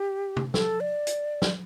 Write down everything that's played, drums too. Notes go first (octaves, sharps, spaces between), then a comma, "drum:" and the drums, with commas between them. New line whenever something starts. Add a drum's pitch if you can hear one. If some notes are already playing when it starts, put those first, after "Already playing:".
Already playing: G4
drum: tom C3
A4, drum: snare
D5
drum: hi-hat
drum: snare